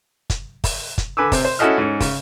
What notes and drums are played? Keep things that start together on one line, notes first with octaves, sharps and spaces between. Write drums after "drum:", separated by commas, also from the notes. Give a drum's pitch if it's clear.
drum: kick, hi-hat
drum: kick, open hi-hat
drum: kick, hi-hat
D3 B4 G#5 D6 E6
C3 C4, drum: kick, open hi-hat
C5
C#4 E4 F#4 A4 D#5 F6
G#2 C#4
C#3, drum: kick, open hi-hat